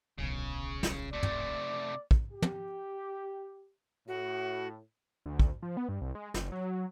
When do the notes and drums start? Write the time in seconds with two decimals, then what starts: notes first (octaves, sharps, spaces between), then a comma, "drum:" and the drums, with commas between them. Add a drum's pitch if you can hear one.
0.18 D1 B1 C#3
0.83 drum: snare
1.13 C3 A3 D5
1.23 drum: tom
2.11 drum: kick
2.33 G4
2.42 drum: tom
4.08 A2 F#4
5.26 D2
5.39 drum: kick
5.62 F3
5.77 B3
5.89 G2
6.01 C2
6.15 G#3
6.34 F#1, drum: snare
6.52 F#3